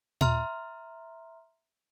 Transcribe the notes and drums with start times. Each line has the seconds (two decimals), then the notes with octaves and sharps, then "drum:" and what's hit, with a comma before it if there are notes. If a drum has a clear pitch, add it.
0.21 E5 A#5 C6 F6, drum: tom A#2